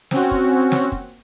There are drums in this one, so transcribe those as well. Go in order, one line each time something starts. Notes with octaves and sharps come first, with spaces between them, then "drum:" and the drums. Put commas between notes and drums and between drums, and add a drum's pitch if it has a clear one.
C4 C#4 F#4, drum: snare
drum: kick
drum: snare
drum: kick